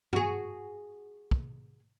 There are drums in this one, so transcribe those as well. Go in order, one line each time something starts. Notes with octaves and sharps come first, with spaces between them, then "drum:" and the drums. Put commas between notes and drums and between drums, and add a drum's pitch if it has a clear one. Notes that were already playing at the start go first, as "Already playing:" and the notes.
F#4 G#4, drum: tom
drum: kick